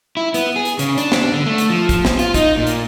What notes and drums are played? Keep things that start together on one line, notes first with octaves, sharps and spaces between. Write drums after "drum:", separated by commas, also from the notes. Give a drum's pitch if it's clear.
E4
B3, drum: hi-hat
G#4
drum: hi-hat
C#3, drum: hi-hat
D4, drum: hi-hat
drum: snare
D3
A3
drum: hi-hat
F3
drum: kick, hi-hat
drum: snare
F4, drum: hi-hat
D#4, drum: kick, hi-hat
A#2
drum: hi-hat